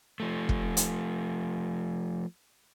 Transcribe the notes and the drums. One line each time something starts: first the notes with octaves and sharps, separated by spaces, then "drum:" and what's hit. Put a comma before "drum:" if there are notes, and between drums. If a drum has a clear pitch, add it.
F3 A3
drum: kick
drum: hi-hat